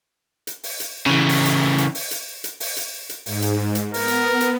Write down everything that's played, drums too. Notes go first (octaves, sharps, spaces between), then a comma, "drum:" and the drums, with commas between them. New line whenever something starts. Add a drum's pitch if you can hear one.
drum: hi-hat
drum: open hi-hat
drum: hi-hat
C#3 E3
drum: open hi-hat
drum: hi-hat
drum: hi-hat
drum: open hi-hat
drum: hi-hat
drum: hi-hat
drum: open hi-hat
drum: hi-hat
drum: hi-hat
G#2, drum: open hi-hat
drum: hi-hat
drum: hi-hat
B3 A#4, drum: open hi-hat
drum: hi-hat
drum: hi-hat